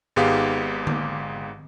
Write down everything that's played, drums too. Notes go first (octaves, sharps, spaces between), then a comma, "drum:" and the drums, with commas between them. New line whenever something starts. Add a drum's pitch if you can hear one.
G#1 G#2 B3 G4 G#4 F5
drum: tom D3